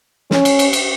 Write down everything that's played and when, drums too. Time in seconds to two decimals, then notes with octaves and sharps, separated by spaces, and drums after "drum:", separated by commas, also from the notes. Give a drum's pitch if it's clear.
0.31 C#4, drum: snare
0.45 drum: cymbal
0.59 drum: cymbal
0.73 drum: cymbal